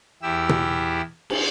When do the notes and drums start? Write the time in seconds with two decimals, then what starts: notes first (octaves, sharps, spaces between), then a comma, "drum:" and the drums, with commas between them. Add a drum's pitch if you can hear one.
0.22 E2 E4 G4 E6
0.49 drum: tom B2
1.30 drum: cymbal